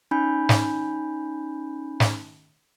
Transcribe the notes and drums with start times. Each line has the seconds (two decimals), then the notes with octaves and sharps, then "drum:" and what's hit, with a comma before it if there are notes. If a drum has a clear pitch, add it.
0.11 C#4 D#4 G#5 B5 G6
0.49 drum: snare
2.00 drum: snare